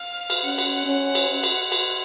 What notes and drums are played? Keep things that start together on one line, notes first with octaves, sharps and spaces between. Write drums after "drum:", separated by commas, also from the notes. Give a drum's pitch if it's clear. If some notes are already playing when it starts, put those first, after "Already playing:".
Already playing: F5
drum: cymbal
C#4 F#5
drum: cymbal
C#4
drum: cymbal
drum: cymbal
drum: cymbal